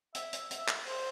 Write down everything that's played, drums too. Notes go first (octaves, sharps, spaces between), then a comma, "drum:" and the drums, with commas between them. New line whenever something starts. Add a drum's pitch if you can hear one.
E5, drum: hi-hat
drum: hi-hat
E5, drum: hi-hat
drum: clap
C5, drum: open hi-hat